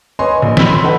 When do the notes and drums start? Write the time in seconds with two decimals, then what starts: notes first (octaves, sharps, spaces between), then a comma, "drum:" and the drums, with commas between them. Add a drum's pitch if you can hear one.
0.19 B4 C#5 D#5 G#5 C6
0.42 A#1
0.57 B5 E6 B6, drum: snare
0.69 C6
0.83 A4 B4 D#5 F#5 G5 A5